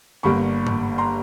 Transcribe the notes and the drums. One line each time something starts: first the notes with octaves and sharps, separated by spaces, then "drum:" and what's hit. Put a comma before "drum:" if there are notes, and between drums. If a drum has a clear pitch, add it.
G1 G2 D3 G3 A#3 B5 C#6
drum: tom G#2
A#5 C6